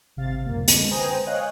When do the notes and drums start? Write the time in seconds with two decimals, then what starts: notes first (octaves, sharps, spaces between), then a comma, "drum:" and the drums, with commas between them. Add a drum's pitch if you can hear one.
0.16 G#1 C3 F5 A6
0.46 C#2 F#2 A#2 A#3
0.68 D3 G#3, drum: hi-hat
0.90 B4 C5 G5 G#5 A#5 D#6
1.27 C#5 D#5 F5 G5 G#5 F#6